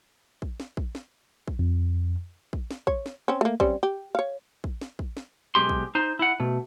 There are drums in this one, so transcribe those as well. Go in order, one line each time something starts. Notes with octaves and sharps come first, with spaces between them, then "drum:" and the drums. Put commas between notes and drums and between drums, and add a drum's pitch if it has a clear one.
drum: kick
drum: snare
drum: kick
drum: snare
drum: kick
F2
drum: kick
drum: snare
C#5, drum: kick
drum: snare
C4 C#4
A3 A#3
G3 C4 C#4, drum: kick
G4
C#5 F5
drum: kick
drum: snare
drum: kick
drum: snare
B1 G#3 G4 C6
drum: kick
D#4 C5
E4 F#5
B2 A3